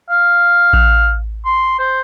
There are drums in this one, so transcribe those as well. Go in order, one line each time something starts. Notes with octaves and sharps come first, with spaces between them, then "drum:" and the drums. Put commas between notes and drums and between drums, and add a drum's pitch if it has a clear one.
F5
drum: kick A1
C6
C5